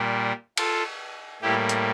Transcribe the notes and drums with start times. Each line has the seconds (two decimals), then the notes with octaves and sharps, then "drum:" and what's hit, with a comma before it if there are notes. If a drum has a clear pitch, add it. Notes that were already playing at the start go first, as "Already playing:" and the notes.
Already playing: A#2 G3 A#3
0.57 F4 A4, drum: cymbal
1.42 A2 G3 A#3 E4 G4
1.69 drum: hi-hat